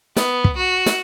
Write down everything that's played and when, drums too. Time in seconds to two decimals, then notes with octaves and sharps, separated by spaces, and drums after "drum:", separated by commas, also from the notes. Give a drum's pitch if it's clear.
0.16 B3, drum: snare
0.44 drum: kick
0.57 F#4
0.86 drum: snare